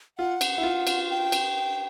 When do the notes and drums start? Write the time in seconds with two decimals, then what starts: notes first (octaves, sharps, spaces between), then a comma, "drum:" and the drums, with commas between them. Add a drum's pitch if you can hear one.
0.18 F4 F#5
0.41 drum: cymbal
0.58 E4
0.63 F4
0.87 drum: cymbal
1.10 G5
1.32 drum: cymbal